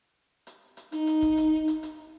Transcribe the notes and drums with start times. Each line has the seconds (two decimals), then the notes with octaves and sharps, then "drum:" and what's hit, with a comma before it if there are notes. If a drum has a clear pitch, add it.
0.47 drum: hi-hat
0.77 drum: hi-hat
0.92 D#4, drum: hi-hat
1.07 drum: hi-hat
1.22 drum: kick, hi-hat
1.37 drum: hi-hat
1.68 drum: hi-hat
1.83 drum: hi-hat